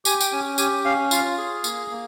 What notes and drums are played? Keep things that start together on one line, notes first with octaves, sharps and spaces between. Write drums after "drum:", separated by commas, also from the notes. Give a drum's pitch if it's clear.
G4 G#5, drum: tambourine
G5, drum: tambourine
C#4 G#5
G4 G#5, drum: tambourine
C#4 F5
F4 F5, drum: tambourine
G#4
A#3, drum: tambourine
A#3